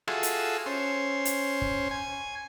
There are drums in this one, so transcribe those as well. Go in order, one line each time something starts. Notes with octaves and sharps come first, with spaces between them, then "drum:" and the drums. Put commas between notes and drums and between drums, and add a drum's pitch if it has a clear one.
F4 F#4 G#4 A4 E5, drum: rim click
drum: hi-hat
C#4 C5
drum: hi-hat
drum: kick
G#5